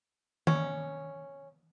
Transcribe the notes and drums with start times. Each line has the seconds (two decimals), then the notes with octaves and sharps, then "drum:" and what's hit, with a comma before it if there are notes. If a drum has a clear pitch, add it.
0.47 C#4, drum: tom D#3